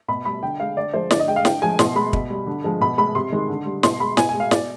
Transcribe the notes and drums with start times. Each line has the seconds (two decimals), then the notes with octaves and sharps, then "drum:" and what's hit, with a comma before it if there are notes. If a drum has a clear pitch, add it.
0.08 B2 B5
0.25 G3 B5
0.43 D3 G5
0.60 G#3 F5
0.76 D3 D5
0.94 F3 G#3 C5
1.11 D3 D5, drum: snare
1.20 D#5
1.27 G#3 G5
1.36 F5
1.45 D3 G5, drum: snare
1.62 F3 G#3 G#5
1.79 B2 C6, drum: snare
1.95 G#3 B5
2.13 B2, drum: kick
2.30 G3
2.47 D3
2.64 F3 G#3
2.81 B2 B5
2.98 G#3 B5
3.15 C3 C6
3.32 D#3 G#3
3.49 D3
3.66 G3
3.83 B2 C6, drum: snare
4.00 G#3 B5
4.17 B2 G#5, drum: snare
4.29 G#5
4.34 G#3
4.40 F5
4.51 B2 D5, drum: snare